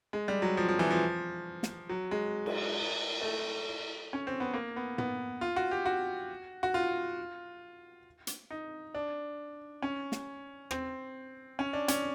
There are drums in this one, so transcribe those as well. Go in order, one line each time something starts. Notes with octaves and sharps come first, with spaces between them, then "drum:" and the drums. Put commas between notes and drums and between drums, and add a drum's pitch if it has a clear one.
G#3
G3
F#3
F3
F3
E3
F3
drum: snare
F#3
G#3
drum: cymbal
A3
C#4
C4
B3
A#3
B3
B3, drum: tom
F4
F#4
G4
F#4
F#4
F4
drum: hi-hat
D#4
D4
C#4
drum: snare
C4, drum: rim click
C#4
D4
C#4, drum: hi-hat